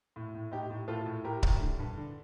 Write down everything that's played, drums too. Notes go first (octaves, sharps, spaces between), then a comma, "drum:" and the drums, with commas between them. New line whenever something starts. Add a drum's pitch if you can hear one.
A2
A2
A2 D#4 G4
A2
A2 F4 A4
A2
A2 G4 A#4
A2, drum: kick C#1
D3
G2
D3